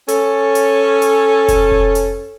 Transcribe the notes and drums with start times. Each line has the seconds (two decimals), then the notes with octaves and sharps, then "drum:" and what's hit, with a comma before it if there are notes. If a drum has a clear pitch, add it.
0.08 C#4 A4, drum: hi-hat
0.55 drum: hi-hat
1.02 drum: hi-hat
1.48 drum: kick F1, hi-hat
1.72 drum: kick F1
1.95 drum: hi-hat